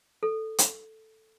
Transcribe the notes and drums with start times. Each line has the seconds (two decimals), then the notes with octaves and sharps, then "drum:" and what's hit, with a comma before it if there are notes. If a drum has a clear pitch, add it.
0.23 A4
0.58 drum: hi-hat